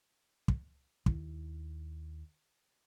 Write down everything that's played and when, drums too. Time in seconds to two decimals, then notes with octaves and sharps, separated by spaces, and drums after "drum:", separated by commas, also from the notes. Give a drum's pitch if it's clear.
0.48 drum: kick
1.06 D#2 E4, drum: kick